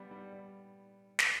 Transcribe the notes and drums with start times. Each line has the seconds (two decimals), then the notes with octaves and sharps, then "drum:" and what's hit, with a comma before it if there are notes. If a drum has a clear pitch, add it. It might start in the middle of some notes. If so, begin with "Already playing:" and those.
Already playing: G3 B3
0.11 G3
0.33 G3
1.19 drum: snare